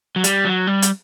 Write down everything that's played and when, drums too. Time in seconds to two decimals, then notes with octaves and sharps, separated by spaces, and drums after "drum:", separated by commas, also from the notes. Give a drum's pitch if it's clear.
0.16 F#3
0.24 G3, drum: hi-hat
0.45 F#3
0.67 G3
0.82 drum: hi-hat